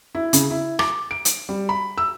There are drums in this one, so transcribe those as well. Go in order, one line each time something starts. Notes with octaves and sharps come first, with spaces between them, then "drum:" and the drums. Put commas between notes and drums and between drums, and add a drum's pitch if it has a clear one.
E4
C#3, drum: hi-hat
E4
D6, drum: rim click
D7
drum: hi-hat
G3
B5
E6